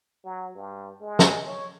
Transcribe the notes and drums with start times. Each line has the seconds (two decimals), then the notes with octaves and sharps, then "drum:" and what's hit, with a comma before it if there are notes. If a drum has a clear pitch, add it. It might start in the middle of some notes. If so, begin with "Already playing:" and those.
0.24 F#3
0.56 G2
1.01 G#3
1.19 drum: snare
1.47 C#5